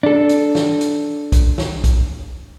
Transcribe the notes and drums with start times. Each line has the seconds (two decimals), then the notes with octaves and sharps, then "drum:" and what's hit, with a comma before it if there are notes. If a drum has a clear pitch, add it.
0.03 D4 A4
0.29 drum: hi-hat
0.55 drum: snare
0.81 drum: hi-hat
1.32 drum: kick B1, hi-hat
1.58 drum: snare
1.84 drum: kick B1, hi-hat